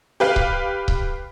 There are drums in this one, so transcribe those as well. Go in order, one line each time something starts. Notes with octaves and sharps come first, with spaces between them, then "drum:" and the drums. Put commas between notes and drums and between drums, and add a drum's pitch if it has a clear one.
G4 B4 F5
drum: kick C#1
drum: kick C#1